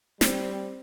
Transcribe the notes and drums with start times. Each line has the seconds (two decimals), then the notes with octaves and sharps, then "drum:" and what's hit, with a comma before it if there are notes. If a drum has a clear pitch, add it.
0.21 G3 C4, drum: snare